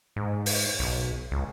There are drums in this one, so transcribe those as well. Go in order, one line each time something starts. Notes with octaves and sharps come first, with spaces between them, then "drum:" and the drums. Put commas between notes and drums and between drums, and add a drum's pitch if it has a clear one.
G#2
drum: open hi-hat
B1
C#2